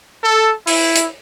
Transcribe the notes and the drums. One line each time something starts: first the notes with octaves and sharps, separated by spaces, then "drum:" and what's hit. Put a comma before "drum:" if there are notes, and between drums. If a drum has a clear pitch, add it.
A4
E4, drum: open hi-hat
drum: hi-hat